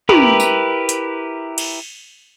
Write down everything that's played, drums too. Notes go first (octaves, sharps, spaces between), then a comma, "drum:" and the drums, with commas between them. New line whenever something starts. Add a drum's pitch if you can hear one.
E4 G4 A#4 B4, drum: tom
drum: tambourine
drum: hi-hat
drum: cymbal